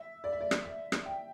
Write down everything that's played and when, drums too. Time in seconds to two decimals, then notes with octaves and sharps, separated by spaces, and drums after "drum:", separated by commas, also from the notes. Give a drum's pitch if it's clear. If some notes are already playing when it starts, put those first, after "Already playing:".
Already playing: E5
0.24 D5
0.32 E5
0.41 D5
0.51 drum: rim click
0.65 E5
0.92 drum: rim click
1.06 G5